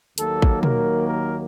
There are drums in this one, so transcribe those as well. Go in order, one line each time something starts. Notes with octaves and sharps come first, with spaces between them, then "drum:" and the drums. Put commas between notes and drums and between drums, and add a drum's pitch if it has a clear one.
D#2 D#3 F#3 A#3 A4, drum: hi-hat
drum: kick
A#4, drum: tom
A#4